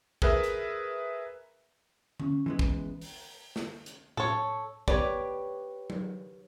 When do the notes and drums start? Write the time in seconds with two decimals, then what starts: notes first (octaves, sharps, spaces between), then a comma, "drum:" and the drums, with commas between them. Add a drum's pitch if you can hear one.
0.22 G#4 A#4 B4 E5, drum: kick
0.44 drum: hi-hat
2.20 C#4, drum: tom D3
2.46 E3 G#3 B3
2.59 drum: kick
3.02 drum: open hi-hat
3.56 drum: snare
3.86 drum: hi-hat
4.17 A4 C#5, drum: tom A2
4.88 G4 B4 C#5 D5, drum: kick
5.90 drum: tom F#3